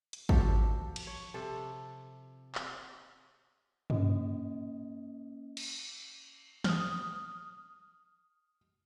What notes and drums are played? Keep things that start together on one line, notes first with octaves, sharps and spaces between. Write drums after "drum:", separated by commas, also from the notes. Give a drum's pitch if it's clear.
drum: hi-hat
F3 F#4 G4 A4, drum: kick
drum: cymbal
C#5
C3 A4
drum: clap
A#3 C#4 D#5, drum: tom G2
drum: cymbal
D#6 F6, drum: snare